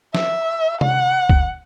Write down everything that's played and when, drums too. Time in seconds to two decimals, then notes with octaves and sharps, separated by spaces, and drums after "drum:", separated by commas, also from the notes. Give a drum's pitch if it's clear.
0.15 E5, drum: snare
0.81 F#5, drum: tom C3
1.30 drum: kick